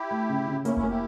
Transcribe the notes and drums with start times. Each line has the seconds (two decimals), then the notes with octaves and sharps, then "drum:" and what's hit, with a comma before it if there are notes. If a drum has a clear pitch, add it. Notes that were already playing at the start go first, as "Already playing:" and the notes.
Already playing: E4 G4
0.11 A3
0.29 C#3
0.48 C#3
0.65 A#3 C#4 E4, drum: hi-hat
0.77 C#4 E4, drum: kick F1
0.83 A#3
0.89 E4 G4